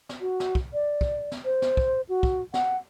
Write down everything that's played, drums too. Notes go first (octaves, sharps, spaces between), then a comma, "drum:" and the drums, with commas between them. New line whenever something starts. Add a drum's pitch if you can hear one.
drum: snare
F#4
drum: snare
drum: kick
D5
drum: kick
drum: snare
C5
drum: snare
drum: kick
F#4
drum: kick
F#5, drum: snare